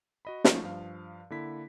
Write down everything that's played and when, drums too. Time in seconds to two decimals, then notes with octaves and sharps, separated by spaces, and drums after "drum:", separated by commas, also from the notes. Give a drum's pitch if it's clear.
0.25 F#4 D#5 B5
0.44 F3 A3 C#4 D#4 F4 F#4, drum: snare
0.63 G2 F3 F5
1.30 D3 A#3 E4 B6